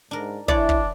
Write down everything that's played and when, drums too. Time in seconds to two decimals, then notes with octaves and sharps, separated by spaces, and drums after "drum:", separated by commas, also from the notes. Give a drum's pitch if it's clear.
0.11 G#2 D4 A#4
0.48 E3 D4 E4 C#5 D5, drum: kick
0.69 drum: kick